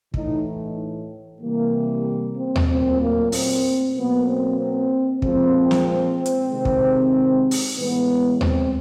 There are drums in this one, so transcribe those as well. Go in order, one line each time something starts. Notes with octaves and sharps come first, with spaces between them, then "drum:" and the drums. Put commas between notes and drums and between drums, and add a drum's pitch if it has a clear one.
A2 E3 A3 D#4, drum: kick
C3 E3 G3 A#3
C4
drum: tom D#2
A#2 F#3 A3 C4
A#3
C4, drum: open hi-hat
B2 F#3 A#3 B3
C4
C4
A#2 F3 G#3 C4, drum: kick
drum: snare
drum: hi-hat
C3 D#3 G#3
drum: kick
drum: open hi-hat
A2 E3 G#3 B3
C4, drum: tom D#2